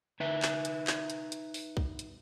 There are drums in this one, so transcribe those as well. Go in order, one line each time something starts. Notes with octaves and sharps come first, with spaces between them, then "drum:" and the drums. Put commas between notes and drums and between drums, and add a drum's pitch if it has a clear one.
D#4 B4 E5
drum: clap
drum: hi-hat
drum: clap
drum: hi-hat
drum: hi-hat
drum: open hi-hat
drum: kick B1
drum: hi-hat